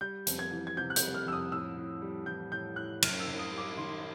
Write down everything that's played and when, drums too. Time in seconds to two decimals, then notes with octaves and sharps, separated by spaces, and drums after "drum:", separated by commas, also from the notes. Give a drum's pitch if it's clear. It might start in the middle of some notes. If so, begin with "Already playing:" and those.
0.01 G3 G6
0.27 F2, drum: hi-hat
0.39 G#6
0.51 E3
0.67 G#6
0.77 C3 G6
0.90 F#6
0.96 G6, drum: hi-hat
1.02 G3
1.14 F6
1.27 F2 E6
1.33 D#6
1.52 A2 E6
1.77 A2
2.02 G3
2.26 E3 G6
2.52 A2 G6
2.76 A2 F#6
3.02 F#2 F6, drum: cymbal
3.20 E6
3.28 F#2
3.39 D#6
3.52 G3
3.58 D6
3.78 D#3 C6